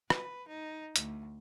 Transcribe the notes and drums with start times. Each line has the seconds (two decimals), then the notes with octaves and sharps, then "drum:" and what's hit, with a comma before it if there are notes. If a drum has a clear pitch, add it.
0.10 B4, drum: rim click
0.48 D#4
0.96 D2, drum: hi-hat